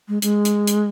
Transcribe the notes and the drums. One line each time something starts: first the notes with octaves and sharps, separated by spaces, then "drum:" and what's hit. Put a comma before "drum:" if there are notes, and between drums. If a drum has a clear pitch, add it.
G#3
G#3, drum: hi-hat
drum: hi-hat
drum: hi-hat